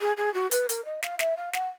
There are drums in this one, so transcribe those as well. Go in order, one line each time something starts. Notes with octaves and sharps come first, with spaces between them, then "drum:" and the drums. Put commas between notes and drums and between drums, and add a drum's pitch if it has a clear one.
G#4
G#4
F#4
B4, drum: hi-hat
A#4, drum: hi-hat
D#5
F5, drum: snare
E5, drum: snare
F5
F#5, drum: snare